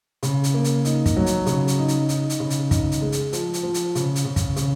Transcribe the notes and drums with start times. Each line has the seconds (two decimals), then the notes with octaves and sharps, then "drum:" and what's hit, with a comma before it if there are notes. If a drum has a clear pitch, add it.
0.23 C#3, drum: hi-hat
0.44 drum: hi-hat
0.54 A#3
0.64 drum: hi-hat
0.85 D#4, drum: hi-hat
1.06 drum: kick, hi-hat
1.16 F#3
1.26 drum: hi-hat
1.46 C#3, drum: hi-hat
1.68 drum: hi-hat
1.78 D#4
1.88 drum: hi-hat
2.09 D#4, drum: hi-hat
2.30 drum: hi-hat
2.40 C#3
2.50 drum: hi-hat
2.71 D#4, drum: kick, hi-hat
2.92 drum: hi-hat
3.02 G#3
3.12 drum: hi-hat
3.33 F3, drum: hi-hat
3.54 drum: hi-hat
3.63 F3
3.74 drum: hi-hat
3.95 C#3, drum: hi-hat
4.15 drum: hi-hat
4.25 C#3
4.36 drum: kick, hi-hat
4.56 C#3, drum: hi-hat